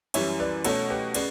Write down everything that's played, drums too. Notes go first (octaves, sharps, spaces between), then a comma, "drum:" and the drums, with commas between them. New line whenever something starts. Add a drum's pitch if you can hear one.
F#2 E3 G3 C#5 E5, drum: cymbal
B4 D5
B2 A3 C#4 A4 C#5, drum: cymbal
G4 B4
C#3 B4 D5, drum: cymbal